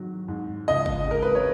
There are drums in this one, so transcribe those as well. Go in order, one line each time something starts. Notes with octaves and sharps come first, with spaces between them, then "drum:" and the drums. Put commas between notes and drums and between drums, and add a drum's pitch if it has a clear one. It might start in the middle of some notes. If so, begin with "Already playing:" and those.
Already playing: G#2 D#3 F#3
G#2
C#2 D#5
drum: kick G1
G#3 A#4
B4
C#5